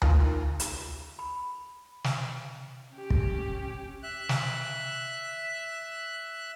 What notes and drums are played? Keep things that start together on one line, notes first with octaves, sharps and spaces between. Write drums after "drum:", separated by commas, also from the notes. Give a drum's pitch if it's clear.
D#4 F4 A#4 D#6, drum: tom D2
drum: hi-hat
B5
drum: snare
C#4 G4
drum: kick
E5 F#6
drum: snare